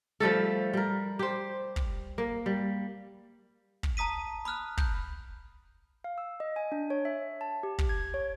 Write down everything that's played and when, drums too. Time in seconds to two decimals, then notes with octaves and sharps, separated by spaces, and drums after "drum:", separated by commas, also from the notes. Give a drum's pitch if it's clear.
0.20 F3 G3 A3 A4
0.73 G3 A#4
1.19 G4 C5
1.76 drum: kick
2.18 A#3
2.46 G3
3.83 drum: kick
3.97 A5 A#5 D#6 B6 D#7
4.45 B5 D#6 F6 F#6
4.77 G6, drum: kick
6.04 F5
6.18 E6
6.40 D#5
6.56 G#5
6.72 D4
6.90 C#5
7.05 E5
7.41 A5
7.63 G4
7.78 drum: kick
7.89 G#6
8.14 C#5